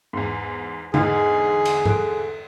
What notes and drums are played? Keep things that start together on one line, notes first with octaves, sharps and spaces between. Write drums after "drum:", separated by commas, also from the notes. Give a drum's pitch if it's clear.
E2 G#2
E2 G#2 D3 D#4 G#4 D#5 F6, drum: tom
drum: cymbal
A4 F#6 D7, drum: tom G#2